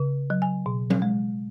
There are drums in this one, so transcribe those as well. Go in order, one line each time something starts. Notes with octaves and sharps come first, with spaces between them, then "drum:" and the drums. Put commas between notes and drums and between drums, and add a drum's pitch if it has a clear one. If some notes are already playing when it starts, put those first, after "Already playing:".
Already playing: C#3
F#3
G#5
B2
drum: tom F#3
G#3